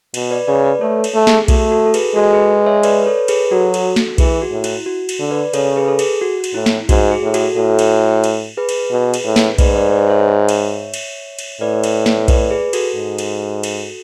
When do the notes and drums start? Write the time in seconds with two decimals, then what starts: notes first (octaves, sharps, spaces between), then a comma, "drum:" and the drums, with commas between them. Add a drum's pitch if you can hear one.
0.14 B2, drum: cymbal
0.31 B4 D5
0.47 C#3 B4 D5
0.64 B4 D5
0.81 A3 A4 C#5
1.04 drum: cymbal
1.15 A3
1.27 G#4, drum: snare
1.48 A3 F#4 A4, drum: kick B1, cymbal
1.71 F#4 A4
1.86 A4
1.94 G#4 B4, drum: cymbal
2.16 G#3 F#4 A4
2.33 G#4 B4
2.66 C#5 E5
2.83 B4 D5, drum: cymbal
3.02 B4
3.06 A4 C#5
3.28 G#4 B4, drum: cymbal
3.51 F#3 F#4 A4
3.74 drum: cymbal
3.96 drum: snare
4.18 E3 G#4, drum: kick B1, cymbal
4.42 F#4
4.52 A2
4.64 E4, drum: cymbal
4.86 F#4
5.09 drum: cymbal
5.19 D3
5.31 B4 D5
5.54 C#3 A4 C#5, drum: cymbal
5.76 G#4 B4
5.88 A4
5.99 G#4, drum: cymbal
6.21 F#4
6.44 drum: cymbal
6.54 A2 E4
6.66 drum: snare
6.89 G#2 F#4, drum: kick B1, cymbal
7.11 G#4
7.23 A2
7.34 F#4 A4, drum: cymbal
7.56 A2 F#4 A4
7.79 drum: cymbal
8.24 drum: cymbal
8.57 G#4 B4
8.69 drum: cymbal
8.91 B2
9.14 drum: cymbal
9.25 A2
9.36 drum: snare
9.58 G#2 B4 D5, drum: kick B1, cymbal
9.76 B4 D5
9.92 B4 D5
10.09 C#5 E5
10.49 drum: cymbal
10.94 drum: cymbal
11.39 drum: cymbal
11.61 A2 B4 D5
11.84 drum: cymbal
12.06 drum: snare
12.28 B4 D5, drum: kick B1, cymbal
12.51 G#4 B4
12.73 F#4 A4, drum: cymbal
12.95 G#2
13.18 drum: cymbal
13.63 drum: cymbal